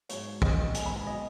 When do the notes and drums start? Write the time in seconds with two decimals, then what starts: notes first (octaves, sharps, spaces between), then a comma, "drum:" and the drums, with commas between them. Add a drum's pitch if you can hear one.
0.09 G#2 F#3 B3 C#5, drum: hi-hat
0.42 F#2 C#3 B3 D#5, drum: kick
0.74 G#2 D#3 B3 G#5, drum: hi-hat
0.86 B5
0.96 G#5
1.07 B2 F#3 B3 D#5